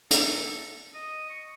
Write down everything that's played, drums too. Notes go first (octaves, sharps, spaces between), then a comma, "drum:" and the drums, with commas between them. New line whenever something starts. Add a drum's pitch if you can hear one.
A4, drum: hi-hat
D#5
C#6